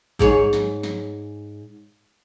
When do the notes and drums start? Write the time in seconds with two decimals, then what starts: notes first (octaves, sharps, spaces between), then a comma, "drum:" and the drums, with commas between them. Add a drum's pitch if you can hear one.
0.19 G#2 G#4 C#5, drum: kick G#1
0.53 drum: snare
0.83 drum: snare